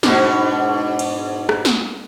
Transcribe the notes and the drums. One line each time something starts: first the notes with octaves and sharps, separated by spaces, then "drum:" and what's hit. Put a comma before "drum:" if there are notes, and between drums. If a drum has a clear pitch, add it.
G#2 B2 D4, drum: snare
drum: cymbal
drum: rim click
drum: snare